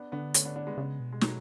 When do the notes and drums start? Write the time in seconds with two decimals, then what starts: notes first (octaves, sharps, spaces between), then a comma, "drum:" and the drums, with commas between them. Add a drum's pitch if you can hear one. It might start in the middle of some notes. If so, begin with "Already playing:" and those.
Already playing: B3 D4
0.12 D3 B3 D4
0.34 A3 C#4, drum: hi-hat
0.45 B3 D4
0.56 B3 D4
0.67 G#3 B3
0.78 C#3
1.00 B2
1.12 G#3
1.21 F#3 A3, drum: snare